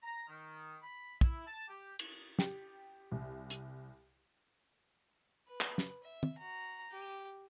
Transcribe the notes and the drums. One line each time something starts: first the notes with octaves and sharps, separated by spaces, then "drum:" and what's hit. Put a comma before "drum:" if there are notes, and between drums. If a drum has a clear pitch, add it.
A#5
D#3
B5
E4, drum: kick
A5
G4
drum: cymbal
G4, drum: snare
C2
drum: hi-hat
B4
drum: clap
drum: snare
E5
drum: tom
F#4 A#5
G4